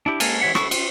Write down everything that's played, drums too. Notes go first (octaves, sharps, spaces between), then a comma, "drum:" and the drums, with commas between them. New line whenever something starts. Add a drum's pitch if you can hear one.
D4 E4 G4
G#3 A#3 A4 F5 G#5, drum: cymbal
E3 G#3 C#5 E5 F#5
E4 F#4 A4 C#6, drum: rim click
F4, drum: cymbal